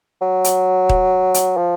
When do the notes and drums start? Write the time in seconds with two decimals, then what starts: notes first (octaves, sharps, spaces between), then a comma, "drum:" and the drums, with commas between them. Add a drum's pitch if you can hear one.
0.22 F#3
0.44 drum: hi-hat
0.89 drum: kick D#1
1.34 drum: hi-hat
1.57 F3